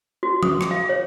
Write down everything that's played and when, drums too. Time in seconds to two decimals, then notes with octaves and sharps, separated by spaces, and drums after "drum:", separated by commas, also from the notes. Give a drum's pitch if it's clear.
0.23 F#4
0.43 D#6, drum: tom F3
0.61 drum: rim click
0.71 F5
0.89 C#5